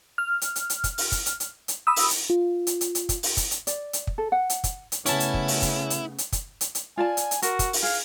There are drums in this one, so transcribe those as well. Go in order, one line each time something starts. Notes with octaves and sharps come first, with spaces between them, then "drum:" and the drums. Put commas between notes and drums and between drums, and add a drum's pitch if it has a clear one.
F6
drum: hi-hat
drum: hi-hat
drum: hi-hat
drum: kick, hi-hat
drum: open hi-hat
drum: kick, hi-hat
drum: hi-hat
drum: hi-hat
drum: hi-hat
B5 D#6 E6
drum: open hi-hat
drum: hi-hat
F4
drum: hi-hat
drum: hi-hat
drum: hi-hat
drum: kick, hi-hat
drum: open hi-hat
drum: kick, hi-hat
drum: hi-hat
D5, drum: hi-hat
drum: hi-hat
drum: kick
A4
F#5
drum: hi-hat
drum: kick, hi-hat
drum: hi-hat
C#3 A3 B3 C#4 E4 A5, drum: hi-hat
drum: hi-hat
drum: kick
drum: open hi-hat
drum: kick, hi-hat
drum: hi-hat
drum: hi-hat
drum: kick, hi-hat
drum: hi-hat
drum: hi-hat
F4 D5 G#5 A5
drum: hi-hat
drum: hi-hat
F#4 A#4, drum: hi-hat
drum: kick, hi-hat
drum: open hi-hat
G#4 F5